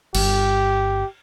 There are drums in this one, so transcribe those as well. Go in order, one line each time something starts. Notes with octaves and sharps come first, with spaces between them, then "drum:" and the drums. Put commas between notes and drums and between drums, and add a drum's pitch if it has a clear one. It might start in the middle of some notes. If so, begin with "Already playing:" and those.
G1 G4, drum: cymbal